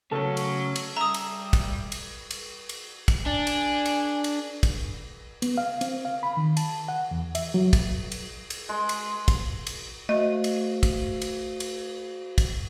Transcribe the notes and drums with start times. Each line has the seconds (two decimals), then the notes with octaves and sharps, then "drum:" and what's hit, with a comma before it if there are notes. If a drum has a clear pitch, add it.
0.11 C#3 F#3 A3 C#4 A4
0.37 drum: cymbal
0.76 drum: cymbal
0.97 G3 E5 A#5 D#6
1.14 drum: cymbal
1.53 drum: kick, cymbal
1.92 drum: cymbal
2.31 drum: cymbal
2.69 drum: cymbal
3.08 drum: kick, cymbal
3.26 D4 G#5
3.47 drum: cymbal
3.86 drum: cymbal
4.24 drum: cymbal
4.63 drum: kick, cymbal
5.42 B3, drum: cymbal
5.58 F5
5.81 C4, drum: cymbal
6.05 F5
6.23 B5
6.37 D#3
6.57 A5, drum: cymbal
6.88 F#5
7.11 E2
7.35 E5, drum: cymbal
7.54 F#3
7.73 drum: kick, cymbal
8.12 drum: cymbal
8.50 drum: cymbal
8.69 G#3
8.89 drum: cymbal
9.28 drum: kick, cymbal
9.67 drum: cymbal
10.09 A3 F#4 C5 D#5 F5
10.44 drum: cymbal
10.83 drum: kick, cymbal
11.22 drum: cymbal
11.60 drum: cymbal
12.38 drum: kick, cymbal